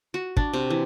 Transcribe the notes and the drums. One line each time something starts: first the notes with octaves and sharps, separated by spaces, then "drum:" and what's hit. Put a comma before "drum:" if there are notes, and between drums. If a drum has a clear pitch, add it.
F#4
D4, drum: kick
C3
E3